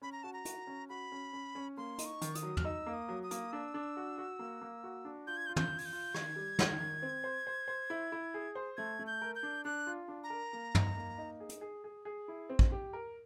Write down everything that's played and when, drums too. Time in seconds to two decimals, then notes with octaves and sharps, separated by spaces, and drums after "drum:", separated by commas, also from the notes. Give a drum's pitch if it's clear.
0.02 C#4 B5
0.12 A#5
0.23 F#4 A5
0.33 A#5
0.45 F#4, drum: hi-hat
0.67 C#4
0.89 F#4 B5
1.12 C#4
1.33 C#4
1.55 C#4
1.77 A#3 C6
1.98 D#4, drum: hi-hat
2.06 C#6
2.21 D#3, drum: hi-hat
2.35 D#6, drum: hi-hat
2.43 F#3
2.57 F6, drum: tom
2.65 D#4 E6
2.86 A#3
2.94 D#6
3.08 F#3
3.23 D#6
3.31 A#3, drum: hi-hat
3.52 D4 E6
3.74 D4
3.97 F#4
4.18 F#4
4.39 A#3
4.61 A#3
4.84 F#4
5.05 D4
5.27 F4 G6
5.37 G#6
5.46 G6
5.49 F4
5.56 G6, drum: tom
5.72 F4
5.78 G#6, drum: open hi-hat
5.85 G6
5.93 F4
6.14 D#3 G#6, drum: rim click
6.36 G3
6.59 D#3, drum: snare
6.80 D#3
7.02 C4
7.24 C5
7.47 C5
7.68 C5
7.90 E4
8.12 E4
8.34 G#4
8.55 C5
8.77 A3 G#6
8.99 A3
9.07 G6
9.22 A#4
9.35 G6
9.43 D4
9.65 D4 F#6
9.87 F4
10.08 D4
10.23 A#5
10.30 A#4
10.53 A#3
10.75 D#4, drum: tom
10.97 A#3
11.18 D#4
11.40 G#4
11.49 drum: hi-hat
11.61 G#4
11.84 G#4
12.05 G#4
12.28 E4
12.49 C4
12.59 drum: kick
12.72 G4
12.93 A#4